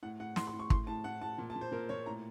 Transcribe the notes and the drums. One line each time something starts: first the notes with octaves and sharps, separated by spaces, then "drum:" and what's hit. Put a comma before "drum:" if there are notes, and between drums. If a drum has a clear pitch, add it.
A2 F#5
A2 F#5
A2 C6, drum: snare
C6
A2
C#6
A2 C6, drum: kick
A2 A5
A2 F#5
A2 A5
A#2
A5
A#2
C5
A#2 A#4
A#2 C#5
A2 A#5